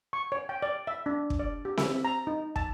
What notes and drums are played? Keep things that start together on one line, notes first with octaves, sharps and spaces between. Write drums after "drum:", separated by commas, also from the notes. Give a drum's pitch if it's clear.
C#6
C#5
G5
D5
E5
D4
drum: kick
D5
G4
E5, drum: snare C4
A#5
D#4
A5, drum: kick